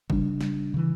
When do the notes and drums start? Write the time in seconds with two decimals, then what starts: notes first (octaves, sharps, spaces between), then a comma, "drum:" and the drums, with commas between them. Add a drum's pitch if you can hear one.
0.10 C#3 G3 D4, drum: kick
0.41 drum: snare
0.74 C#3 E3